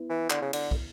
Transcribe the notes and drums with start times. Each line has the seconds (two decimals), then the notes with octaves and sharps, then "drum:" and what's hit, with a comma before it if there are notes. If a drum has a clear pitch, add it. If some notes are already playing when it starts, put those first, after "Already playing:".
Already playing: B3 E4
0.10 E3
0.30 D3, drum: clap
0.42 C#3
0.53 D3, drum: cymbal
0.71 drum: kick